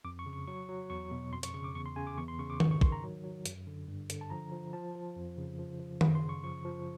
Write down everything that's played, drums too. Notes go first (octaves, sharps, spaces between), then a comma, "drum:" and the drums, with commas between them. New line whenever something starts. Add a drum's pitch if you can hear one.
F2 D6
C#6
C#3
C#6
F#3 C#6
F#3
E2 C#6
B2
F2 C6
C#6, drum: hi-hat
C#3 C#6
D6
E2 C#6
C6
C#3 G#5
D6
E2 C#6
C6
C#3 C#6
D6
G#2 C#6, drum: tom D#3
C#6
D#3 C6, drum: kick
A#5
F#3
F#3
F#2, drum: hi-hat
D3
G2
D3, drum: hi-hat
A5
F3 A#5
F3
F3 A5
F3
F2
C#3
F3
F3
F#2 B5, drum: tom D#3
C6
C#3
C#6
F3 C#6
F3